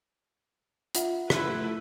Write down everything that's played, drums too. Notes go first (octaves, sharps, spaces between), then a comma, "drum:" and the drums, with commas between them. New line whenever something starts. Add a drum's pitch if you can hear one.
F4 E5 F#5, drum: hi-hat
A3 E4 B4, drum: rim click